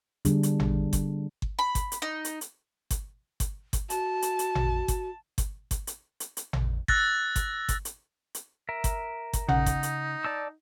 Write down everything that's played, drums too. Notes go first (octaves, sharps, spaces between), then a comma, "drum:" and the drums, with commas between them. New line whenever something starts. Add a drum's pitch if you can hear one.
D3 G3 B3 D4 G#4, drum: hi-hat
drum: hi-hat
drum: tom A1
drum: kick G1, hi-hat
drum: kick G1
B5
drum: kick G1, hi-hat
drum: hi-hat
D#4
drum: hi-hat
drum: hi-hat
drum: kick G1, hi-hat
drum: kick G1, hi-hat
drum: kick G1, hi-hat
F#4 A5, drum: hi-hat
drum: hi-hat
drum: hi-hat
drum: tom A1
drum: kick G1, hi-hat
drum: kick G1, hi-hat
drum: kick G1, hi-hat
drum: hi-hat
drum: hi-hat
drum: hi-hat
drum: tom A1
E6 F#6 A6 A#6, drum: kick G1
drum: kick G1, hi-hat
drum: kick G1, hi-hat
drum: hi-hat
drum: hi-hat
A#4 E5
drum: kick G1, hi-hat
drum: kick G1, hi-hat
C#3 D#4 F#5, drum: tom A1
drum: kick G1, hi-hat
drum: hi-hat
D5 A5 E6